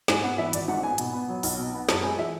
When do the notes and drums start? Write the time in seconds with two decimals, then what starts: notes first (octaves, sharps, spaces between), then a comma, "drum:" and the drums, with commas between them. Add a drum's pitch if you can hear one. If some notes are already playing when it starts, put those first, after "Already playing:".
0.08 G#2 G#5, drum: snare
0.23 B3 F#5
0.38 E3 E5
0.53 G#1 D5, drum: hi-hat
0.68 G#2 F#5
0.83 B3 G#5
0.98 B2, drum: hi-hat
1.13 B3
1.28 F#3
1.43 B1, drum: open hi-hat
1.58 B2
1.74 B3
1.89 F#2 A5, drum: snare
2.03 G#3 G#5
2.18 E3 E5